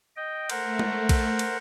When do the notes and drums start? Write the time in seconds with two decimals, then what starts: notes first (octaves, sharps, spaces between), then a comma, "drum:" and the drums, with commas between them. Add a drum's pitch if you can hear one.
0.16 D#5 G5
0.50 A3 A#4 C5 F#5, drum: cymbal
0.79 drum: tom G#3
1.09 drum: kick A#1, cymbal
1.39 drum: cymbal